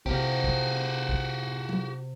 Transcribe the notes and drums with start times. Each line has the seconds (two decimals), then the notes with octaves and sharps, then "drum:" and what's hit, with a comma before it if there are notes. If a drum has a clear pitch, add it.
0.06 C3 F#4 G4 F5, drum: kick
0.44 drum: kick
1.09 drum: kick
1.69 drum: tom